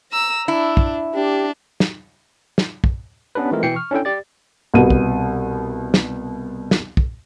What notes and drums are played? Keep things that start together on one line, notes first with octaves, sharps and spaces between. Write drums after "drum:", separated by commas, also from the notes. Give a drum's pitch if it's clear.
A#5 E6
D4 E4
drum: kick
D4 G4
drum: snare
drum: snare
drum: kick
B3 C#4 D4 G4 B4
E3 G#3 A3 C4 F4 A#4
B2 E3 G5 C7 C#7
C#6 F6
C#4 D4 E4 A4 G5
G4 D5 A6
C2 B2 D#7
drum: kick
drum: snare
drum: snare
drum: kick